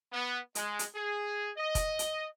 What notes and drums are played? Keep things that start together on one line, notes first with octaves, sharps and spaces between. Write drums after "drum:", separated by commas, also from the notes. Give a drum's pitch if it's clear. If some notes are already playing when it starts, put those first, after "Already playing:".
B3
G#3, drum: hi-hat
drum: hi-hat
G#4
D#5
drum: kick F1, hi-hat
drum: hi-hat